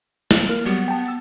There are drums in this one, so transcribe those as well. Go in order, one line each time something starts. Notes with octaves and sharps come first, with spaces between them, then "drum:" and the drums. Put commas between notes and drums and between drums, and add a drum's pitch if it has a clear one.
drum: snare
A#3 F6
F#3 G3 B3
G5 A5
E6 A6